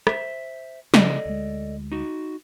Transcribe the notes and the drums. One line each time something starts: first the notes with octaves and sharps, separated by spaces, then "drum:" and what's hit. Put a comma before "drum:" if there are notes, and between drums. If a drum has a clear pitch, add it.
C5 E5, drum: rim click
C#3 A4 D5 D#5, drum: snare
D2 G#3
D#4 F#4